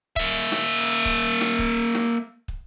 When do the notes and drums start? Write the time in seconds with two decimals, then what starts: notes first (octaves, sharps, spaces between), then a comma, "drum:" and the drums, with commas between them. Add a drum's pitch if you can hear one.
0.16 A#3 E5, drum: kick
0.52 drum: snare
1.05 drum: kick
1.41 drum: snare
1.59 drum: kick
1.95 drum: snare
2.48 drum: kick